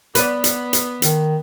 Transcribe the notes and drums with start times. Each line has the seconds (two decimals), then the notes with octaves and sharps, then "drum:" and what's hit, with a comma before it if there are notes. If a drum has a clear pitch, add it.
0.15 B3 B4 D5, drum: hi-hat
0.44 drum: hi-hat
0.73 drum: hi-hat
1.02 D#3, drum: hi-hat